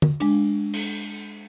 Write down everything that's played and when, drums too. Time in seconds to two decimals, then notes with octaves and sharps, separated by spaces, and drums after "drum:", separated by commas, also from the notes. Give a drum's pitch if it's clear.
0.02 drum: tom D3
0.20 G#3 D4, drum: cymbal
0.73 drum: cymbal